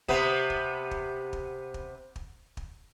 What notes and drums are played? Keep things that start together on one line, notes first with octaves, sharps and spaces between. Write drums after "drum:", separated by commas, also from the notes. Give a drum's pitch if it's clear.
C3 B3, drum: kick
drum: kick
drum: kick
drum: kick
drum: kick
drum: kick
drum: kick